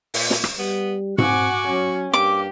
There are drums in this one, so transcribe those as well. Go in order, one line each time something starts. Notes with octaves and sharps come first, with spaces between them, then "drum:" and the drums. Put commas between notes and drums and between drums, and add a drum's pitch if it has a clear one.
A#2, drum: open hi-hat
drum: snare
drum: rim click
G3 B3
C4 F#4 F#5 G#5 D6, drum: tom G#2
F#3 C#4
G2 A#3 G4 D6